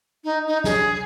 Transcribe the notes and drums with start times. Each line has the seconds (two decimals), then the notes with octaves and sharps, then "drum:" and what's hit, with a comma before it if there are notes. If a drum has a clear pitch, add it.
0.24 D#4
0.47 D#4
0.64 G#4, drum: snare